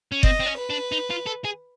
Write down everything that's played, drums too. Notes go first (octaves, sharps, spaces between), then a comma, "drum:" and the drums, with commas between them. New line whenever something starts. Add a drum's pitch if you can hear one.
C#4
C4 D#5, drum: kick F#1
C4
C#4
B4
D4
D#4
F4
A4
G#4